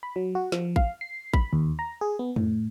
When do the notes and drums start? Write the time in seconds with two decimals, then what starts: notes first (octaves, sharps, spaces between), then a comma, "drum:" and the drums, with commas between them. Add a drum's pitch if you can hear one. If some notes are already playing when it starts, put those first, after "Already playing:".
0.03 B5
0.16 F#3
0.35 F#4
0.52 F3, drum: snare
0.76 F5, drum: kick A1
1.01 C7
1.34 B5, drum: kick A1
1.53 D#2
1.79 A#5
2.01 G#4
2.19 B3
2.36 A2, drum: tom F2